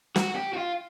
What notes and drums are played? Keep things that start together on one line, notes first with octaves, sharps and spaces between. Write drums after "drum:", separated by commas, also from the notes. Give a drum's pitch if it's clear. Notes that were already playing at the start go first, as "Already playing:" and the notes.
F#4, drum: snare
G4
F#4
F4